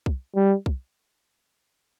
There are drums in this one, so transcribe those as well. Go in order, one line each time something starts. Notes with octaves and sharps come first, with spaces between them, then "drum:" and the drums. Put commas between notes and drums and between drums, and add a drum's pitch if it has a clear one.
drum: kick
G3
drum: kick